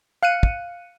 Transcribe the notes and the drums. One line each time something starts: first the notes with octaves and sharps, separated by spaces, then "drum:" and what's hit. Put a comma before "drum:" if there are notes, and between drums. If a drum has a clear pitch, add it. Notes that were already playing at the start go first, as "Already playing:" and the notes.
F5 F#6 C#7 D#7
drum: kick